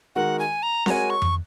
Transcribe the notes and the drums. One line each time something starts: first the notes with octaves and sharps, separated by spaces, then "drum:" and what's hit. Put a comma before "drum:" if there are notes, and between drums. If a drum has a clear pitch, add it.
D#3 G#3 F#4 A#4 F#5
G#5
A#5
G#3 F#4 A#4 C#5 G#5 A#5, drum: snare C4
C#6
drum: tom F2